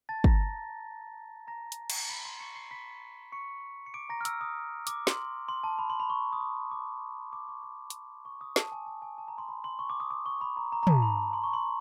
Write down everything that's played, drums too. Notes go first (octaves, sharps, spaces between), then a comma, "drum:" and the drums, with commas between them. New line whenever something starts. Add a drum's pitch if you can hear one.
A5 A6
A#5 A#6, drum: kick
A#5 A#6
drum: hi-hat
drum: cymbal
A#6
B5 B6
C6 C7
C#6 C#7
C6 C7
B5 B6
C#6 C#7
C#7
D6 D7
A#5 A#6
F6
E6, drum: hi-hat
D#6
D6, drum: hi-hat
C6, drum: snare
C6
A5
B5
C6
B5
C#6
D#6
D6
D6
D6
C#6
C#6
drum: hi-hat
C#6
D#6
A5, drum: snare
G#5
A5
G#5
A5
A#5
C6
B5
C6
C#6
D6
D#6
D6
C#6
B5
A#5
A#5
A#5
A5, drum: tom
B5
C6
C#6
C6